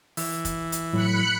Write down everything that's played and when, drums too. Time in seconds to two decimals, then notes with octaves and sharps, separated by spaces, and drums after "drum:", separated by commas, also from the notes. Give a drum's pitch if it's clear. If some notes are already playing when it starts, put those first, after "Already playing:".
0.17 E3, drum: open hi-hat
0.45 drum: kick, hi-hat
0.72 drum: hi-hat
0.93 A2 F#3 B5 F#6 C#7